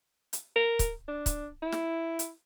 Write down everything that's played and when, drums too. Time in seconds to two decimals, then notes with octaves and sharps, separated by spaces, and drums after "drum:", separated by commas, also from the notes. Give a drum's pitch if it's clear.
0.33 drum: hi-hat
0.56 A#4
0.79 drum: kick C#1, hi-hat
1.08 D4
1.26 drum: kick C#1, hi-hat
1.62 E4
1.72 drum: snare
2.19 drum: hi-hat